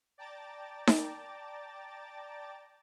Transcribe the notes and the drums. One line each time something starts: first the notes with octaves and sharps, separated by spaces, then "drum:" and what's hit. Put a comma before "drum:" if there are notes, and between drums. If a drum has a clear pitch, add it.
D5 G5 A5 A#5 D6 A6
drum: snare D#4